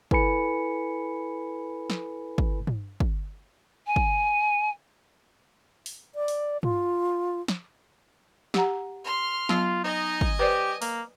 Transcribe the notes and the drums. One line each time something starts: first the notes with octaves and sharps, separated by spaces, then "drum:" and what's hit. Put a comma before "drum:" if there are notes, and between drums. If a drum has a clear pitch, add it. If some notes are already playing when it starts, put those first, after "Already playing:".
E4 A4 B4 G#5 B5 C#7, drum: kick
drum: snare
drum: kick
drum: tom
drum: kick
G#5
drum: kick
drum: open hi-hat
D5
drum: open hi-hat
F4, drum: tom
drum: snare
G4 F#5 A#5, drum: snare
C6 F6
F#3 B3 F4, drum: snare
D#4 D#5 G#5
drum: kick
G4 B4 C5 D5
A#3, drum: open hi-hat